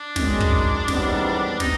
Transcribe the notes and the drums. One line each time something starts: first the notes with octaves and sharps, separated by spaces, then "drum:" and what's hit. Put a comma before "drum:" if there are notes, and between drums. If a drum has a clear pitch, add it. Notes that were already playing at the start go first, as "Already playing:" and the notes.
Already playing: D4
F#2 D#3 G#3, drum: snare
drum: kick
A1 G#2 D#3 G3 B3, drum: snare
D#4, drum: snare